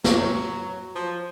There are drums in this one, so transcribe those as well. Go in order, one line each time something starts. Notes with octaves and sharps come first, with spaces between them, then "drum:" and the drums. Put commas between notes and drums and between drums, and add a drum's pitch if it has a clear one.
F#3, drum: snare
F3